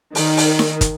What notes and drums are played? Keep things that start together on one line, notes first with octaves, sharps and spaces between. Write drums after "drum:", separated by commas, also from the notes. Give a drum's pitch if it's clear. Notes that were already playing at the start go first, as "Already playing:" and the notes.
D#3, drum: open hi-hat
drum: open hi-hat
drum: snare D#4
drum: kick, hi-hat